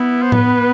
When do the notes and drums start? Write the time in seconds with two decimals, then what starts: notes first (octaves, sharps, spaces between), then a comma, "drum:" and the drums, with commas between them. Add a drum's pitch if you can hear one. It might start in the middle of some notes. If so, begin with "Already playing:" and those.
Already playing: B3 E4
0.22 C5
0.32 B4, drum: tom A2